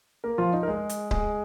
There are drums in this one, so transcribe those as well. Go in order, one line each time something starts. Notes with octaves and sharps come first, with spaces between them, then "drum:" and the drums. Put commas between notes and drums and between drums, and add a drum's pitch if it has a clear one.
A#3 A#4
F3 F4
D#4
A#4
G#3 G#4
drum: hi-hat
G#3 G#4, drum: kick C#1